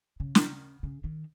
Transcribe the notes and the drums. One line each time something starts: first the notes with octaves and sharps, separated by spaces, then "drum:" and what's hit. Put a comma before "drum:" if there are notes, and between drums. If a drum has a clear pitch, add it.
C#3
drum: snare
C#3
D#3